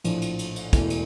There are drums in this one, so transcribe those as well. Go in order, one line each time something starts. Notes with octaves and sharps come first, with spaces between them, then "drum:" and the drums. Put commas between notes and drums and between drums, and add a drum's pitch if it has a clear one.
A#1 A2 F3, drum: cymbal
drum: cymbal
drum: cymbal
drum: cymbal
E1 E2 E3 A3, drum: kick, cymbal
drum: cymbal